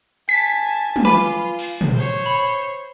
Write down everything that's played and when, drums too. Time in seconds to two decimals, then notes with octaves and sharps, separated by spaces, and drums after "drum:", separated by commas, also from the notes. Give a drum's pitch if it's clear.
0.29 G#5 A5 B6
0.96 drum: tom
1.05 F4 B4 G#5 D6
1.59 drum: cymbal
1.81 drum: tom
1.94 C5 C#5
2.26 B5